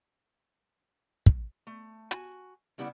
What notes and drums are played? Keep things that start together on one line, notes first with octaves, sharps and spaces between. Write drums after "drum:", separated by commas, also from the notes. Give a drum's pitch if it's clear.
drum: kick
A3
F#4 G#5, drum: hi-hat
C#3 G3 B3 E4 D5 F#5